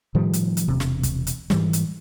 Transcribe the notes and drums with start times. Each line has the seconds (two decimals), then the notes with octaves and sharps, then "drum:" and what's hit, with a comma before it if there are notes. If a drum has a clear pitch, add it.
0.15 A2 D#3 F3 G3
0.33 drum: hi-hat
0.57 drum: hi-hat
0.68 E1 C3
0.80 drum: snare
1.03 drum: kick, hi-hat
1.27 drum: hi-hat
1.50 G#2 E3 G3, drum: snare
1.73 drum: hi-hat